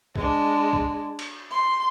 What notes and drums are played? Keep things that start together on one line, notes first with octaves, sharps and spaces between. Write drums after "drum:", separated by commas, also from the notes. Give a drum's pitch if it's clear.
G#3 D4, drum: kick
drum: kick
drum: cymbal
C6